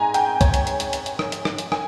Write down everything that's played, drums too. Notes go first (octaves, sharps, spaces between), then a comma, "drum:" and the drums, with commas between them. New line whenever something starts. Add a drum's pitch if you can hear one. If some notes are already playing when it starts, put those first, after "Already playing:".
Already playing: G#2 G#5 A#5
G5, drum: hi-hat
C#5, drum: kick, hi-hat
drum: hi-hat
drum: hi-hat
drum: hi-hat
drum: hi-hat
drum: hi-hat
drum: rim click
drum: hi-hat
drum: rim click
drum: hi-hat
G#5, drum: rim click